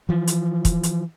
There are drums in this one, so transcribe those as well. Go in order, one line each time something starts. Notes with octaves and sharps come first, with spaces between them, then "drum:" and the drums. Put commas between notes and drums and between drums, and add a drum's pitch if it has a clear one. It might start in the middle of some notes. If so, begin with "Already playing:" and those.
E3 F3
drum: hi-hat
drum: kick, hi-hat
drum: hi-hat